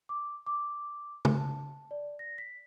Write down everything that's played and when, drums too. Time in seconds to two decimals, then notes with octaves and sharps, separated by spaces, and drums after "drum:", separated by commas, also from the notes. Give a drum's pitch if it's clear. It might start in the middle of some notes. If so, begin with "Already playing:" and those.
0.09 D6
0.47 D6
1.25 drum: tom
1.38 A5
1.91 D5
2.19 A#6
2.38 B6